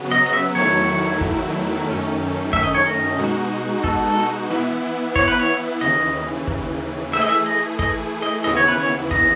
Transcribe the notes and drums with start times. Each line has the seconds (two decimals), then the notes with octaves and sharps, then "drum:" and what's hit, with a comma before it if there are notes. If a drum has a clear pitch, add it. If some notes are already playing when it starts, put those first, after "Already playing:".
Already playing: C#3 F#3 B3
0.12 D#5
0.26 D#5
0.33 E5
0.55 E2 D#3 F#3 A3 E4 C#5
1.21 drum: kick
1.86 F#2 D#3 A3 C#4
2.53 E5, drum: kick
2.63 D#5
2.75 C#5
2.86 D#5
3.18 B2 G#3 D#4 F#4
3.84 A4, drum: kick
4.49 E3 B3 E4
5.16 C#5, drum: kick
5.28 B4
5.39 C#5
5.81 D#2 C#3 E3 D#5
6.47 drum: kick
7.13 E3 A3 E4 G#4 E5
7.22 D#5
7.29 E5
7.46 D#5
7.79 D#5, drum: kick
8.22 D#5
8.44 D#2 C#3 E3 B3 E4 D#5
8.57 C#5
8.68 B4
8.80 C#5
9.11 D#5, drum: kick